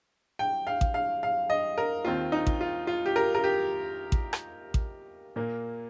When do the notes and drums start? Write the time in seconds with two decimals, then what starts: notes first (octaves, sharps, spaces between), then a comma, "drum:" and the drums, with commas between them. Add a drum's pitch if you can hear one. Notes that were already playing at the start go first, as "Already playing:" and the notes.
0.39 G5
0.67 F5
0.81 drum: kick A1
0.94 F5
1.23 F5
1.50 D#5
1.78 A#4
2.05 D#2 D#3 C4 F4
2.32 D#4
2.47 drum: kick A1
2.61 F4
2.87 F4
3.06 G4
3.16 A#4
3.35 A#4
3.44 G4
4.12 drum: kick A1
4.33 drum: rim click
4.74 drum: kick A1
5.36 A#2 A#3